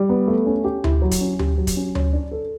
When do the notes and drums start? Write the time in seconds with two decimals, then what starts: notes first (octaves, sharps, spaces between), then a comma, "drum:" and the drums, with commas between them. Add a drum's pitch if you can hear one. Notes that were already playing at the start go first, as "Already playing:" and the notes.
Already playing: G3
0.09 B3
0.28 A3
0.46 C#4
0.64 G4
0.84 E4, drum: tom D2
1.02 F#3
1.11 drum: kick, hi-hat
1.21 C#4
1.39 G4, drum: tom D2
1.58 F#3
1.67 drum: kick, hi-hat
1.77 C#4
1.95 C#5, drum: tom D2
2.13 D4
2.32 A4